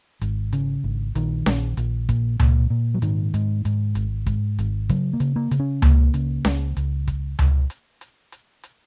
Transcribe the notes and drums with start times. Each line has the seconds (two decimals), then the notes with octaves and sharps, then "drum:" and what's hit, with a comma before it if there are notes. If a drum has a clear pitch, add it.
0.21 G#1, drum: hi-hat
0.53 C#3, drum: hi-hat
0.84 G#1
1.15 A#1 D#3, drum: hi-hat
1.46 A#1, drum: snare C#4
1.77 A#1, drum: hi-hat
2.09 A#2, drum: kick, hi-hat
2.40 A#2, drum: tom C#2
2.70 A#2
2.94 F#3
3.02 G#2 D#3, drum: hi-hat
3.34 G#2, drum: hi-hat
3.65 G#2, drum: hi-hat
3.95 G#1, drum: hi-hat
4.27 G#2, drum: kick, hi-hat
4.59 G#1, drum: hi-hat
4.89 C#3 F#3, drum: kick, hi-hat
5.13 A#3
5.20 C#3, drum: hi-hat
5.36 A#3
5.51 C#3, drum: hi-hat
5.60 C#4
5.82 C#2 A#3, drum: tom C#2
6.14 C#3, drum: hi-hat
6.45 C#2, drum: snare C#4
6.77 C#2, drum: hi-hat
7.08 drum: kick, hi-hat
7.39 drum: tom C#2
7.70 drum: hi-hat
8.01 drum: hi-hat
8.32 drum: hi-hat
8.64 drum: hi-hat